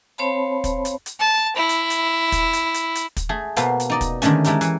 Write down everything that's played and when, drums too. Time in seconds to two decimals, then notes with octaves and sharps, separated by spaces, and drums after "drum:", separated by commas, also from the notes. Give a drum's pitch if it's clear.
0.18 C4 C5 C#5 F5 A5 B5
0.64 drum: kick, hi-hat
0.85 drum: hi-hat
1.06 drum: hi-hat
1.20 A5
1.57 E4
1.69 drum: hi-hat
1.90 drum: hi-hat
2.32 drum: kick, hi-hat
2.53 drum: hi-hat
2.74 drum: hi-hat
2.95 drum: hi-hat
3.16 drum: kick, hi-hat
3.29 A3 G#4
3.56 B2 A#3 B3 F4 A4 C5, drum: hi-hat
3.80 drum: hi-hat
3.90 D#4 D5 D#5
4.01 drum: kick, hi-hat
4.22 D3 D#3 G#3 A3 C#4, drum: hi-hat
4.44 G#3 A3 E4 G4 A#4, drum: hi-hat
4.61 E3, drum: hi-hat